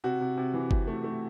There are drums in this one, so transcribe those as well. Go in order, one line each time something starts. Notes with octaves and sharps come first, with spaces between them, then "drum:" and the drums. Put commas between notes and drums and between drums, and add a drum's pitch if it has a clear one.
C3 F#4
C3
C3
E3
C3, drum: kick G1
A3
A3